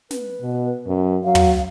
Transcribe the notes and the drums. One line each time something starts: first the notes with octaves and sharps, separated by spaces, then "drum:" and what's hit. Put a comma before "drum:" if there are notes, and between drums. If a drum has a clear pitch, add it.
B4, drum: snare
B2
F#2
F#3 F5
drum: tom